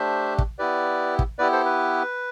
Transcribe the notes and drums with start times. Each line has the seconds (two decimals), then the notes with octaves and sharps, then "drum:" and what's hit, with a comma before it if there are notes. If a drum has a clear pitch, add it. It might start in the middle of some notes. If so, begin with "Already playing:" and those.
Already playing: A3 D4 G4 C5 E5
0.38 drum: kick
0.59 B3 E4 G4 B4 D5
1.19 drum: kick
1.39 B3 E4 G4 B4 D5
1.52 A4 C5
1.65 B4